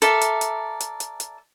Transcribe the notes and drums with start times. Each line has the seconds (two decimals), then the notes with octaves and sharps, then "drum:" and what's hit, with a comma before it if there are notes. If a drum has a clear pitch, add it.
0.02 A4 A#4 D5 E5, drum: hi-hat
0.21 drum: hi-hat
0.41 drum: hi-hat
0.80 drum: hi-hat
1.00 drum: hi-hat
1.20 drum: hi-hat